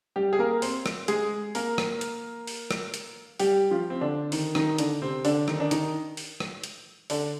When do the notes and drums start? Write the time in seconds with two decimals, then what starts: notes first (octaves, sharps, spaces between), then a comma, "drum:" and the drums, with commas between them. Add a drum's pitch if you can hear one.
0.16 G3 G4
0.33 G#4
0.39 A#3 A#4
0.62 C4 C5, drum: open hi-hat
0.86 drum: rim click
1.08 G#3 G#4, drum: hi-hat
1.55 A#3 A#4, drum: open hi-hat
1.78 drum: rim click
2.01 drum: hi-hat
2.47 drum: open hi-hat
2.71 drum: rim click
2.94 drum: hi-hat
3.40 G3 G4, drum: open hi-hat
3.71 F3 F4
3.90 C4
4.01 D3 D4
4.32 D#3 D#4, drum: open hi-hat
4.55 D#3 D#4, drum: rim click
4.78 D3 D4, drum: hi-hat
5.02 C3 C4
5.25 D3 D4, drum: open hi-hat
5.48 D#3 D#4, drum: rim click
5.60 D4
5.71 D#3 D#4, drum: hi-hat
6.17 drum: open hi-hat
6.40 drum: rim click
6.64 drum: hi-hat
7.10 D3 D4, drum: open hi-hat